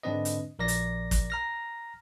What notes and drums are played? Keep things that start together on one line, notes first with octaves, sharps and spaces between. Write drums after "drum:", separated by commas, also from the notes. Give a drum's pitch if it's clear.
G#2 D3 C4 D4 B4 D#5
drum: hi-hat
A#1 A#4 D5 A#6
drum: hi-hat
drum: kick, hi-hat
A#5 F6 A#6